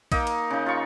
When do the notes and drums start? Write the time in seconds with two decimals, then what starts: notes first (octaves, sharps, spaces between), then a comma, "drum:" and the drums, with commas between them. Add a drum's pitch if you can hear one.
0.12 A#3 D#4 D#5, drum: kick, cymbal
0.27 drum: cymbal
0.50 C#3 D#4
0.66 F4 B5 C#6